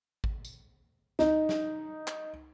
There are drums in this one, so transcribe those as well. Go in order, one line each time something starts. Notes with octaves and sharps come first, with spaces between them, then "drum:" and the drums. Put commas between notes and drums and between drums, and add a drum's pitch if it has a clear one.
drum: kick G#1
drum: tambourine
D#4, drum: snare
drum: snare
drum: clap